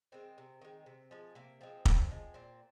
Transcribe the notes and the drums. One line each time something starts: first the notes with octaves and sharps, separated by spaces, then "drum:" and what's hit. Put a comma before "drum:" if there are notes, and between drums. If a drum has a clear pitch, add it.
D#3 G#3 C4
C3
D#3 G#3
C3
F3 G#3
C3 A#3
F3 G#3 C4
A#2, drum: kick
F3 G#3
A#2 C4